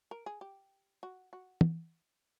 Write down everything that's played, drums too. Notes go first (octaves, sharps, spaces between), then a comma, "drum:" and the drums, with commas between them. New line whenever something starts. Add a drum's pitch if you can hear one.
A#4
G#4
G4
F#4
F#4
drum: tom